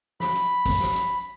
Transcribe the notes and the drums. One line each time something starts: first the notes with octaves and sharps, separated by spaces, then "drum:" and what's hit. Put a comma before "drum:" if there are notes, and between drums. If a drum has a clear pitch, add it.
B5, drum: snare
drum: hi-hat
drum: kick, open hi-hat
drum: snare
drum: hi-hat